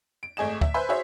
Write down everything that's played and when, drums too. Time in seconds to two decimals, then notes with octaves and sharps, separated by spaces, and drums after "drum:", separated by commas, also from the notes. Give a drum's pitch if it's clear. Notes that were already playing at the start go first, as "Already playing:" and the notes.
0.23 D7
0.37 G#1 A3 G#4 D#5 E7
0.61 E5, drum: kick
0.74 B4 C5 E5 G#5 B5 C6
0.89 F#4 G#4 C5 C#5 E5